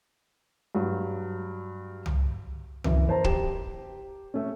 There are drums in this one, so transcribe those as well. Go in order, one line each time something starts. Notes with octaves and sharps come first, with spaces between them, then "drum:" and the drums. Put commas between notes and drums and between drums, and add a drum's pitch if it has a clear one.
G2 F#3
drum: tom C2
F#2 E3, drum: tom C2
A#4 C5 A5 A#5
G4 E7, drum: kick
A3 C#4